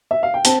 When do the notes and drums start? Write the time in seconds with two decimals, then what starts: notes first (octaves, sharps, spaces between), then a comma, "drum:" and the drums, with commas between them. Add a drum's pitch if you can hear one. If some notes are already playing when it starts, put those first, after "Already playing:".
0.11 E5
0.23 F5
0.34 G5
0.45 C4 A5, drum: hi-hat